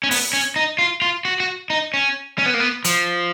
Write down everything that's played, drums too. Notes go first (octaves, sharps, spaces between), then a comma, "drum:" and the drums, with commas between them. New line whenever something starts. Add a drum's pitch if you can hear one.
C#4
B3, drum: open hi-hat
C#4
D#4
F4
F4
F#4
F#4
D#4
C#4
C#4
B3
A#3
B3
F3, drum: hi-hat